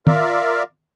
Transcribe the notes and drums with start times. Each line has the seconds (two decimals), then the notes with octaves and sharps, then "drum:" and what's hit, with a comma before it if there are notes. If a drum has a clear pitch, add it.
0.07 F4 A#4 D5 E5 F5, drum: tom